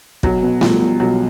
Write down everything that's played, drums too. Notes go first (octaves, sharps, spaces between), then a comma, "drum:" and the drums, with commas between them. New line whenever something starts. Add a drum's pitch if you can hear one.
B1 F#3, drum: kick
B2
F3 G3, drum: snare A3
B1
B1 F#3